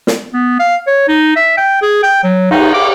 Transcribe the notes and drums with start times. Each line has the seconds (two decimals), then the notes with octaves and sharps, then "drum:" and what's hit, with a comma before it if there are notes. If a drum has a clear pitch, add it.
0.07 drum: snare
0.33 B3
0.59 F5
0.87 C#5
1.08 D#4
1.36 E5
1.57 G5
1.82 G#4
2.03 G5
2.24 F#3
2.51 D#4, drum: cymbal
2.74 D6